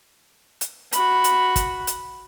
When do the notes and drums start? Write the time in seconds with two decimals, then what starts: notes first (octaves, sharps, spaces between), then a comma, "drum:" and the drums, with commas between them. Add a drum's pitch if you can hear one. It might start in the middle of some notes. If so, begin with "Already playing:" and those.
0.61 drum: hi-hat
0.92 F#4 B5, drum: hi-hat
1.24 drum: hi-hat
1.56 drum: kick, hi-hat
1.87 drum: hi-hat